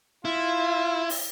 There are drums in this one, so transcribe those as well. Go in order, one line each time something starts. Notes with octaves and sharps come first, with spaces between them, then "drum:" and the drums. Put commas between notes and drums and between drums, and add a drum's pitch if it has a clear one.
E4 F4
drum: open hi-hat